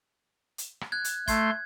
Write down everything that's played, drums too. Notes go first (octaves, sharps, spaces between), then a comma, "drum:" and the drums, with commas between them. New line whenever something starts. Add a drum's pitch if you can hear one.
drum: hi-hat
drum: rim click
F#6 G#6
drum: hi-hat
A3 C6 G#6, drum: kick, hi-hat